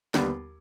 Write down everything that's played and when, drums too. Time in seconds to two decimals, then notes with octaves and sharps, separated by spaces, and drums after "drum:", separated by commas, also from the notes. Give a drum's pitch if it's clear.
0.14 D#2 D3 G3 B3, drum: snare